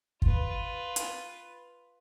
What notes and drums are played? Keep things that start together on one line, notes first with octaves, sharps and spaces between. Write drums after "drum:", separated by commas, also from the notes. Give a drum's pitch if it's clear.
F4 B4, drum: kick
drum: hi-hat